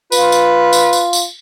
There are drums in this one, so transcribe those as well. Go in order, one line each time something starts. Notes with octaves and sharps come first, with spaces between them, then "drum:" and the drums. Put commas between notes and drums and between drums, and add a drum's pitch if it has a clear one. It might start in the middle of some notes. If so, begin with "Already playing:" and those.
F4 B4, drum: tambourine
drum: tambourine
drum: tambourine
drum: tambourine
drum: tambourine